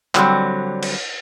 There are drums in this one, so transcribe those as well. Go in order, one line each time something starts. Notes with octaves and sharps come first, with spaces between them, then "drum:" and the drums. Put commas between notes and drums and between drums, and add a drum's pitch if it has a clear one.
D3 F#3 G3 B3 C4, drum: clap
drum: cymbal